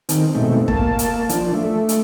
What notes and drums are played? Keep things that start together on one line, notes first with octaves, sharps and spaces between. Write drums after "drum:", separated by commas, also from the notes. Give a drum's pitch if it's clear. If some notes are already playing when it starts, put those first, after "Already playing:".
D#3 C4, drum: hi-hat
G#2 B2 A3 C4
A#3 A5, drum: kick
drum: hi-hat
F3 D4, drum: hi-hat
A3
drum: hi-hat